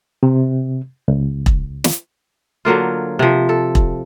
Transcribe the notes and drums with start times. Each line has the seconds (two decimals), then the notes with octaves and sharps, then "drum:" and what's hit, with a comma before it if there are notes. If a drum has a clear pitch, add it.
0.23 C3
1.08 C#2
1.46 drum: kick E1
1.84 drum: snare
2.65 D3 F#3 A#3 F4
3.19 C3 F3
3.49 A4
3.75 drum: kick E1